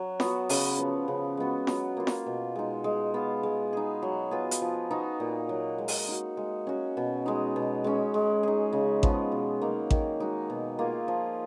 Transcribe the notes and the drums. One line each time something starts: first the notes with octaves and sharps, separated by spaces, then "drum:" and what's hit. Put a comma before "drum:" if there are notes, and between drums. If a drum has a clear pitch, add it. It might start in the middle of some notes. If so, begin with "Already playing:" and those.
Already playing: F#3
B3 F#4, drum: snare F4
C#3, drum: open hi-hat
F3 B3
C#3
G#3 B3 F#4
F#3, drum: snare F4
A#3 F4
drum: snare F4
B2
G#3 D#4
G#3
B3 F4
G#3
D#4 G#4
F#3
B3 F4 G#4
drum: hi-hat
F3
B3 D#4 F#4
A#2
F#3 A#3
G#3
drum: open hi-hat
D#4 F#4
G#3
C#4 F#4
B2
G#3 D#4
B2
G#3 C#4
G#3
D#4 G#4
C#3
F3 B3, drum: kick A1
B2
F#3 A#3 D#4
D#3, drum: kick A1
G#3 D#4 F#4
B2
A#3 F4 G#4
F3